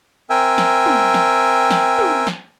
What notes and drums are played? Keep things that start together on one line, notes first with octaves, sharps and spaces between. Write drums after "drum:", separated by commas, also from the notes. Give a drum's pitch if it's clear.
C4 A#4 E5 G5 G#5
drum: snare
drum: tom
drum: snare
drum: snare
drum: tom
drum: snare